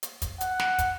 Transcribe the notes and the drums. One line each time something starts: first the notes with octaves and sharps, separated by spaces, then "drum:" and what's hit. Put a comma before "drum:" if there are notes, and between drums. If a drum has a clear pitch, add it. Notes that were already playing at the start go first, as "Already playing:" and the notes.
drum: hi-hat
drum: kick, hi-hat
F#5, drum: hi-hat
drum: snare
drum: kick, hi-hat